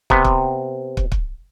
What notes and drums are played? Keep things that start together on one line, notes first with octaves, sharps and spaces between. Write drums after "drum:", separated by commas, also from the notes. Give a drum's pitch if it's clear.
C3 B3, drum: kick
drum: kick
drum: kick
drum: kick